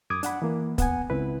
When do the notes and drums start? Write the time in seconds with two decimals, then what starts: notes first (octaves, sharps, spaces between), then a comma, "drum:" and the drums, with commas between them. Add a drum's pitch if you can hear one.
0.10 F#2 D6 D#6 G#6
0.23 D4 F#5 B5, drum: hi-hat
0.42 E3 A#3
0.78 B3 F#5 G#5, drum: kick, hi-hat
1.10 C#2 C4 E4 B4